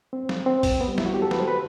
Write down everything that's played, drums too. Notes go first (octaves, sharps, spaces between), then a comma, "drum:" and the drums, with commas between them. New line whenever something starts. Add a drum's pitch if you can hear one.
C4
drum: snare
C4
drum: kick A1, open hi-hat
B3
G3
E4, drum: snare
F#4
G4
A4
B4, drum: snare
C5
B4